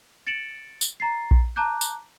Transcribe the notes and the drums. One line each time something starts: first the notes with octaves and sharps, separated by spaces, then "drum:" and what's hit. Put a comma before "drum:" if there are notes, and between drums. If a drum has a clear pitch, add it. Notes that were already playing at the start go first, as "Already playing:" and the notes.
A6 C#7 D7 E7 F#7
drum: tambourine
A#5 A6 C7
drum: kick A#1
A5 A#5 D6 F#6 G6
drum: tambourine